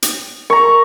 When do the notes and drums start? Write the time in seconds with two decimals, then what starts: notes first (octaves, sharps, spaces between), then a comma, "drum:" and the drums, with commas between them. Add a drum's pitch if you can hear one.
0.02 drum: hi-hat
0.50 A#4 A#5 C#6